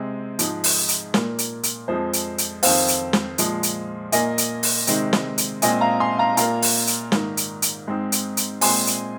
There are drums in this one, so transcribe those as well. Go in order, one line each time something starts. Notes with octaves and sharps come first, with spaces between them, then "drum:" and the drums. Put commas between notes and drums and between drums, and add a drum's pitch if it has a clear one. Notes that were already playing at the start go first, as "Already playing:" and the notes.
Already playing: C3 G#3 C4
G#2 F3 G#3, drum: hi-hat
drum: open hi-hat
drum: hi-hat
A#2 A#3, drum: snare
drum: hi-hat
drum: hi-hat
F2 F3 G#3 C5
drum: hi-hat
drum: hi-hat
F2 D#3 C4 C5 F5, drum: open hi-hat
drum: hi-hat
drum: snare
A#2 F3 G#3, drum: hi-hat
drum: hi-hat
A#2 A#3 D#5 G#5, drum: hi-hat
drum: hi-hat
drum: open hi-hat
C3 D#3 G#3 C4, drum: hi-hat
drum: snare
drum: hi-hat
A#2 G#3 C4 D#5 G#5, drum: hi-hat
F5 A#5
G#5 C6
F5 A#5
A#2 A#3 F5 A#5, drum: hi-hat
drum: open hi-hat
drum: hi-hat
G#2 D#3 A#3, drum: snare
drum: hi-hat
drum: hi-hat
G#2 G#3 C4
drum: hi-hat
drum: hi-hat
A#2 G#3 C4 G#5 C6, drum: open hi-hat
drum: hi-hat